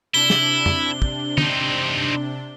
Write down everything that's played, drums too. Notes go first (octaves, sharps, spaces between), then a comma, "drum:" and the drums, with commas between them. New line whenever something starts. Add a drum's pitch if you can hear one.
C3 D4 E4 G7
drum: snare
drum: tom
drum: kick
C4 D#4, drum: tom